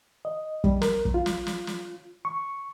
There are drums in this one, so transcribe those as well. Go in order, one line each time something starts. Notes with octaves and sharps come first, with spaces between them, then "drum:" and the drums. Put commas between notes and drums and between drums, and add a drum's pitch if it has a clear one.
D#5
G3, drum: kick
A#4, drum: snare
drum: kick
F4
drum: snare
drum: snare
drum: snare
C#6